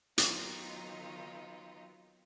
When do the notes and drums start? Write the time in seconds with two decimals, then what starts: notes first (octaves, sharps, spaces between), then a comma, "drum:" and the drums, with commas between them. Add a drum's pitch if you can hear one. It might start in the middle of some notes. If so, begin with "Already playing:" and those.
0.18 D#3 F#3 B3 C4 D#4 F4, drum: hi-hat